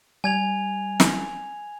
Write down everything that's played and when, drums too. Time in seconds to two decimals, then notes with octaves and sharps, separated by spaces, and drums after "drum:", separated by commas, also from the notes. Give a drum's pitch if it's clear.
0.24 G3 G#5 G#6 F7
1.00 drum: snare